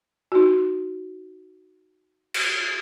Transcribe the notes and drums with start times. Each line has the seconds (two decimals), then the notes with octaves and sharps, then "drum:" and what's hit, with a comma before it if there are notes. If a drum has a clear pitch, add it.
0.32 D#4 F#4
2.34 drum: cymbal